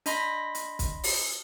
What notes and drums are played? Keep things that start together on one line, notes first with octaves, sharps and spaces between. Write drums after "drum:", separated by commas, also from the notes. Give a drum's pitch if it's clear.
D4 D#5 B5 C6 A#6 B6, drum: hi-hat
drum: hi-hat
drum: kick, hi-hat
drum: open hi-hat